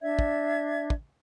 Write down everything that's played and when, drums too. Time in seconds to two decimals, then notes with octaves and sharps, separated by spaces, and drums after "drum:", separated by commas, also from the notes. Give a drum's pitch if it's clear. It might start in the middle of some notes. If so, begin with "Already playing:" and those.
0.01 D4 D5 E5 G#6
0.19 drum: kick
0.90 drum: kick